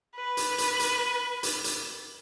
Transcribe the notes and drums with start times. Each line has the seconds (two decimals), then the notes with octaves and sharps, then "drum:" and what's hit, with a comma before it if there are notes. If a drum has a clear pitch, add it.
0.16 B4
0.37 drum: hi-hat
0.58 drum: hi-hat
0.79 drum: hi-hat
1.43 drum: hi-hat
1.64 drum: hi-hat